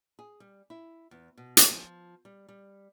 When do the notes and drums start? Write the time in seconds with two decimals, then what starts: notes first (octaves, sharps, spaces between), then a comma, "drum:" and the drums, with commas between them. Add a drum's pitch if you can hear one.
0.19 G#4
0.40 G3
0.70 E4
1.11 E2
1.37 B2
1.57 drum: hi-hat
1.71 F3
2.25 G3
2.49 G3